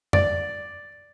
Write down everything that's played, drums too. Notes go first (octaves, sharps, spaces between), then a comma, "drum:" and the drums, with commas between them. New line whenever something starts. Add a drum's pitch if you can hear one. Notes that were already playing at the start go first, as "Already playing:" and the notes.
D5, drum: tom F2